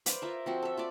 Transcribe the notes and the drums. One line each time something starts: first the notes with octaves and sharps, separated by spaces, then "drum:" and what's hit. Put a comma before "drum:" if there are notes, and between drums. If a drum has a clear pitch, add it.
B4 C5 D5 F5, drum: hi-hat
F4 A#4 E5
F3 C4 F#4
A4 E5
F4 A4 D5